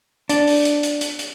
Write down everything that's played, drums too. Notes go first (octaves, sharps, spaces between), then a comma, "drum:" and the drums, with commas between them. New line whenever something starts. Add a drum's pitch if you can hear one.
D4, drum: hi-hat
drum: open hi-hat
drum: hi-hat
drum: hi-hat
drum: hi-hat
drum: hi-hat